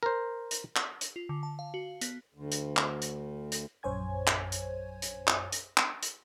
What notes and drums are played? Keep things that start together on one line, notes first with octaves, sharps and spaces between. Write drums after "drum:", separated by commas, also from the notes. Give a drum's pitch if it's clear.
A#4 C5
drum: hi-hat
drum: clap
drum: hi-hat
F4
D3
A5
F5
F#4
B3, drum: hi-hat
D2
drum: hi-hat
drum: clap
drum: hi-hat
drum: hi-hat
A#1 F#2 C5 C#5 G#5 G#6
drum: clap
drum: hi-hat
drum: hi-hat
drum: clap
drum: hi-hat
drum: clap
drum: hi-hat